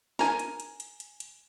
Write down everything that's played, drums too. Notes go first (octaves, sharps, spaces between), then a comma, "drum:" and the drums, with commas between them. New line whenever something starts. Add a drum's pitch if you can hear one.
A#4 G#5, drum: snare
drum: hi-hat
drum: hi-hat
drum: hi-hat
drum: hi-hat
drum: hi-hat